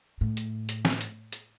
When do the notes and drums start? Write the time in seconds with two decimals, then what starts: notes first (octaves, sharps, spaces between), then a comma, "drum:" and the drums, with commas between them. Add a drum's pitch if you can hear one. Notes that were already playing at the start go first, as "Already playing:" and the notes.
0.21 A2
0.37 drum: hi-hat
0.69 drum: hi-hat
0.85 drum: snare
1.01 drum: hi-hat
1.33 drum: hi-hat